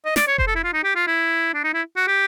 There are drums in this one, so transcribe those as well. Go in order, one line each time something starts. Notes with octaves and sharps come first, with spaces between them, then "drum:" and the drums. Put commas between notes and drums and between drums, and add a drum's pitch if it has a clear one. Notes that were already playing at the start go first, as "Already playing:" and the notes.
D#5
D5, drum: snare
C#5
C5, drum: kick F1
A4
E4
F4
D#4
G4
F4
E4
D4
D#4
E4
F#4
G4